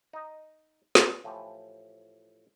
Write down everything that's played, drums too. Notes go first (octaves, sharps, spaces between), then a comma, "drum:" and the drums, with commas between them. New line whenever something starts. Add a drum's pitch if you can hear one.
D#4 D#5
drum: snare
A2 E3 F3 A3 G4